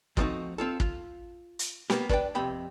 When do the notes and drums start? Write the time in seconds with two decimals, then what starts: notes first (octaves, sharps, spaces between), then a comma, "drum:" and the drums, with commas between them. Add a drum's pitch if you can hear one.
0.17 F3 G3 A3 C4 D#4 F#4, drum: kick
0.58 C4 F4 A4
0.80 F4, drum: kick
1.59 drum: hi-hat
1.90 A#3 B3 G4, drum: snare
2.09 D4 B4 C#5 D5 G5, drum: kick
2.35 F2 C3 G5 B5